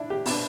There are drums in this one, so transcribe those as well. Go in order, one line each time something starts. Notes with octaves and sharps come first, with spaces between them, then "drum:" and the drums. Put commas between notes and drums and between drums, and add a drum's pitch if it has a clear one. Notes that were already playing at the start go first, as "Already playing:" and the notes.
Already playing: D4 E4
G4
B2 B3 D4, drum: open hi-hat